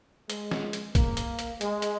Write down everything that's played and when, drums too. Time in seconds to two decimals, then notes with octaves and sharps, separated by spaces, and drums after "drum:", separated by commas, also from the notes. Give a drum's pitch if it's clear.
0.30 G#3, drum: hi-hat
0.51 drum: snare
0.73 drum: hi-hat
0.95 A#3, drum: kick, hi-hat
1.17 drum: hi-hat
1.39 drum: hi-hat
1.61 G#3, drum: hi-hat
1.82 drum: hi-hat